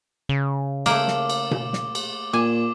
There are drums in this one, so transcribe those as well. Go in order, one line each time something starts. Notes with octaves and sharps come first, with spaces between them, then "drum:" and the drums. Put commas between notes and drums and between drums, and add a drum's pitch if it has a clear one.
C#3
A3 A#3 D6, drum: cymbal
drum: snare
drum: cymbal
drum: tom B2
drum: snare
drum: cymbal
A#2 G#5 D6